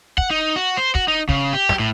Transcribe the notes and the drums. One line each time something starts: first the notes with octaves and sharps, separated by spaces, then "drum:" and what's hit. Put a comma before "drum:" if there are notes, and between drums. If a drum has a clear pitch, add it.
F#5, drum: kick
D#4
F#4
C5
F#4, drum: kick
D#4
C#3, drum: kick
G4
drum: snare
A2